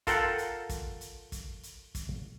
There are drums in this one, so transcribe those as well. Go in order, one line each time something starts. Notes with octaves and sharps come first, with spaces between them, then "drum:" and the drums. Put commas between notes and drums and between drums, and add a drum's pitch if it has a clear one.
F4 A4 A#4 F#5 G5, drum: kick, hi-hat
drum: hi-hat
drum: kick, hi-hat
drum: hi-hat
drum: kick, hi-hat
drum: hi-hat
drum: kick, hi-hat